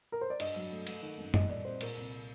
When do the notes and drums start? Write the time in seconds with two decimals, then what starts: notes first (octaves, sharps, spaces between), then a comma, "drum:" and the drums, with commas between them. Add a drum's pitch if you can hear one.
0.12 A#4
0.21 C5
0.30 D5
0.40 G2 D#5, drum: cymbal
0.56 F#3
0.71 A3
0.87 A3, drum: cymbal
1.02 D#3
1.18 F#2
1.34 G3 D#5, drum: tom F#2
1.49 A#2 D5
1.65 C4 C5
1.81 A#2 A#4, drum: cymbal
1.97 C2